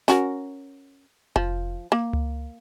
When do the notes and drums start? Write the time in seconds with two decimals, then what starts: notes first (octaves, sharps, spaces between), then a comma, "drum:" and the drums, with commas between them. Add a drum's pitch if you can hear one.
0.08 C#4 F#4 A#4, drum: snare
1.36 F3, drum: kick F1
1.92 A#3
2.13 drum: tom C#2